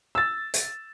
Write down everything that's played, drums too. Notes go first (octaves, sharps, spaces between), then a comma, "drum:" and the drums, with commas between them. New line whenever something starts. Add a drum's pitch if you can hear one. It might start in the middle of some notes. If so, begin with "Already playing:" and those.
E6 A6
drum: hi-hat